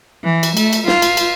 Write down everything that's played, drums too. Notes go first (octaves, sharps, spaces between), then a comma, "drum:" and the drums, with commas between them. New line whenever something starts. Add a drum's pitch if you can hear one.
E3
drum: cymbal
A3, drum: cymbal
drum: cymbal
F4, drum: snare
drum: cymbal
drum: cymbal